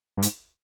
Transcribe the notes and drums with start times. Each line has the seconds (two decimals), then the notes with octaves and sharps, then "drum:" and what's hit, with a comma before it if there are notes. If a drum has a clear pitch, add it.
0.17 G2
0.22 G#2, drum: hi-hat